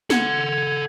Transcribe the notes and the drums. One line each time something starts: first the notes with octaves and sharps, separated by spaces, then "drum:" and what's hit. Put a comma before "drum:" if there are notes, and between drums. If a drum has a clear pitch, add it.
A4 F#5 G#6, drum: snare